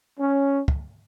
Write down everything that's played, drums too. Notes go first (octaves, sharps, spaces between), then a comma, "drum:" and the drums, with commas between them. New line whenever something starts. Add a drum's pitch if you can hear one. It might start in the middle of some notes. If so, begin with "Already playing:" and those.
C#4
drum: kick